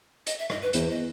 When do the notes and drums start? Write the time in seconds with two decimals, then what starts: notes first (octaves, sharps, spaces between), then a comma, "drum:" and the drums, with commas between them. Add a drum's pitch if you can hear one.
0.27 D#5, drum: hi-hat
0.38 E5
0.50 D#5, drum: rim click
0.62 B4
0.73 E2 C5, drum: hi-hat
0.90 D#5